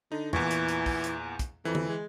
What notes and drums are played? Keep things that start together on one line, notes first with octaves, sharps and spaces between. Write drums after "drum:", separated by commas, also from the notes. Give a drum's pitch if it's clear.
D3 D#4
E2 A#2 E3 C#6, drum: tom E2
drum: hi-hat
drum: hi-hat
drum: kick, open hi-hat
drum: hi-hat
drum: kick, hi-hat
F2 E3
drum: tom D3
G#3